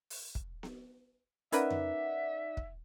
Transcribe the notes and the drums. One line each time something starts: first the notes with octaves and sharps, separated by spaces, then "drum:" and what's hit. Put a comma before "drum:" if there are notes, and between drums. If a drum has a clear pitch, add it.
drum: open hi-hat
drum: kick
drum: snare B3
C#4 D#4 A#4 B4 D5 E5 F#5, drum: hi-hat
drum: tom F2
drum: kick